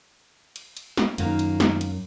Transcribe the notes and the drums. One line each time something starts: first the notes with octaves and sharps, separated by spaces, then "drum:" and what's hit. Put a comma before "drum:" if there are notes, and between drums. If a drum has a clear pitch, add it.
drum: cymbal
drum: cymbal
drum: snare
F#2 D#3 A#3 F4, drum: cymbal
drum: cymbal
drum: snare
drum: cymbal